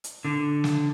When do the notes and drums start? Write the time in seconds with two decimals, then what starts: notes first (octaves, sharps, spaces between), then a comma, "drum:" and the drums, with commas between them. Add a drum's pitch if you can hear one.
0.04 drum: hi-hat
0.25 D3
0.64 drum: snare